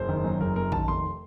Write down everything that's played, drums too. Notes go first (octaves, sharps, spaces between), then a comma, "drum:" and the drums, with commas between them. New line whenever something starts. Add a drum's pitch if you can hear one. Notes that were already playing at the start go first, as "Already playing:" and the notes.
Already playing: F#1 C5
D#3
F#2
F#1 A#4
F#2 A#4
D#3 A5, drum: kick A#1
F1 C6